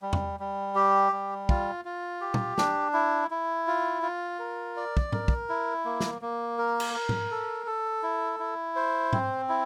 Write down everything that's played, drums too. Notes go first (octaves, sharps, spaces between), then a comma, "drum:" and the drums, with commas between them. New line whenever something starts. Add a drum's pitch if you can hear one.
G3
drum: tom E2
G3
G4
G3
F4, drum: kick
F4
G4
drum: tom
D4, drum: snare
E4
E4
F4
F4
A#4
D5
drum: kick
A#4, drum: tom G#2
drum: kick
E4
A#3
drum: snare
A#3
A#4
drum: cymbal
A#4
drum: tom G#2
A4
A4
E4
E4
C5
C4, drum: tom G#2
E4